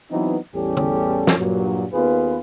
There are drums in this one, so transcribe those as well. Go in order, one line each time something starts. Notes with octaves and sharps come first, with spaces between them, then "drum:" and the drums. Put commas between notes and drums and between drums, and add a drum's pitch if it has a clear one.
E3 F#3 B3 C4 D#4
A1 E2 G3 C#4 G4 A4
drum: tom
drum: snare
G2 A#2 F#3
D#2 B3 F4 G#4 B4